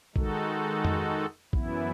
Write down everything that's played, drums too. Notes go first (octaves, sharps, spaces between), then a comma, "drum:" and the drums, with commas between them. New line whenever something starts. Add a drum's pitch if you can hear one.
D#3 G#3 D#4 F#4 A4, drum: kick
drum: tom F2
F#2 E3 B3 E4, drum: kick